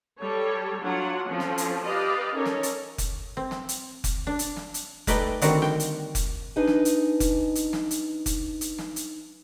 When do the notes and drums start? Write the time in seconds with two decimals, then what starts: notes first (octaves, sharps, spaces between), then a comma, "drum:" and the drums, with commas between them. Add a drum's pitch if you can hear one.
0.18 G3 A4 C#5
0.81 F#3 D4 F4 F#5
1.28 F3 C4 C#4 A4
1.40 drum: snare
1.58 drum: hi-hat
1.85 G4 B4 D5 D#5 F5
2.35 C#4 D#4 A4 A#4 C#5
2.46 drum: snare
2.63 drum: hi-hat
2.98 drum: kick F1, hi-hat
3.37 C4
3.51 drum: snare
3.69 drum: hi-hat
4.04 drum: kick F1, hi-hat
4.27 D4
4.39 drum: hi-hat
4.57 drum: snare
4.74 drum: hi-hat
5.07 A3 D#4 B4 D5 D#5 G5, drum: kick F1, hi-hat
5.41 D3 D#3 G3 C4 F#4 D5, drum: hi-hat
5.62 G5, drum: snare
5.80 drum: hi-hat
6.15 drum: kick F1, hi-hat
6.56 D4 D#4 B4 D#5 G#5
6.68 drum: snare
6.85 drum: hi-hat
7.20 drum: kick F1, hi-hat
7.55 drum: hi-hat
7.73 drum: snare
7.91 drum: hi-hat
8.26 drum: kick F1, hi-hat
8.61 drum: hi-hat
8.79 drum: snare
8.96 drum: hi-hat